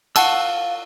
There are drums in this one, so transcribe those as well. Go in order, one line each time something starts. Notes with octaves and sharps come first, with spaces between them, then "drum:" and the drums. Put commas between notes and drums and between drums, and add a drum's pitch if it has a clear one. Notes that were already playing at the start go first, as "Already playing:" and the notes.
F5 F#5 A5 C#6 E6, drum: cymbal